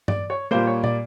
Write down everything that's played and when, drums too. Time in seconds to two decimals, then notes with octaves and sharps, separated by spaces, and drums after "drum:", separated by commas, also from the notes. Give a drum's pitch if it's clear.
0.08 D5, drum: tom G2
0.30 C#5
0.51 A#2 G3 A#3 C5
0.67 C#5
0.84 D5, drum: tom